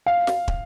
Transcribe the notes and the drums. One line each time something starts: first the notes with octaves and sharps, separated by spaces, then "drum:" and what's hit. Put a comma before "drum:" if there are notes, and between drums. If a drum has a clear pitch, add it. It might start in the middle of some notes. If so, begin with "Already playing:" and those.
F5
drum: snare
drum: kick